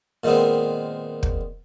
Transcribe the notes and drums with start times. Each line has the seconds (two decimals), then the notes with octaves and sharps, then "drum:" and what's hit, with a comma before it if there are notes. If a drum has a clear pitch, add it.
0.24 A#2 D#3 G#3 B3 C4
1.23 drum: kick